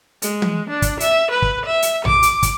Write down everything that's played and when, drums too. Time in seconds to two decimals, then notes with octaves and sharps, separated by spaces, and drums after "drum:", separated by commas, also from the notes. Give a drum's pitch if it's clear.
0.22 G#3, drum: hi-hat
0.42 drum: tom E3
0.70 D4
0.82 drum: kick, hi-hat
1.00 E5, drum: hi-hat
1.31 B4
1.42 drum: kick
1.66 E5
1.82 drum: hi-hat
2.05 D6, drum: tom A#1
2.23 drum: hi-hat
2.43 drum: kick, hi-hat